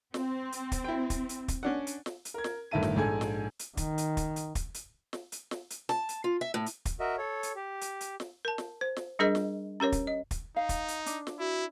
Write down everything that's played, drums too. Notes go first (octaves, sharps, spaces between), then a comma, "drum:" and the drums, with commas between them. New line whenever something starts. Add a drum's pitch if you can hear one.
C4, drum: snare
drum: hi-hat
drum: kick, hi-hat
E4 G5
drum: kick, hi-hat
drum: hi-hat
drum: kick, hi-hat
C#4 D4 F#5
drum: hi-hat
drum: snare
drum: hi-hat
A#4 G#6
drum: snare
G1 A2 D#3 E5 A5 D#7
drum: snare
A#1 G#2 A4 G#5 G#6
drum: snare
drum: hi-hat
D#3, drum: kick, hi-hat
drum: hi-hat
drum: kick, hi-hat
drum: hi-hat
drum: kick, hi-hat
drum: hi-hat
drum: snare
drum: hi-hat
drum: snare
drum: hi-hat
A5, drum: snare
drum: hi-hat
F4
E5
A2
drum: hi-hat
drum: kick, hi-hat
F#4 A#4 D#5 E5
A4 C#5
drum: hi-hat
G4
drum: hi-hat
drum: hi-hat
drum: snare
A#4 A5
drum: snare
C5
drum: snare
G3 D4 G#4 A#4 D#5
drum: snare
C#4 G4 A#4 C#5
drum: kick, hi-hat
D#5
drum: kick, hi-hat
D#4 F5
drum: kick, hi-hat
drum: hi-hat
D4, drum: hi-hat
drum: snare
E4 F#4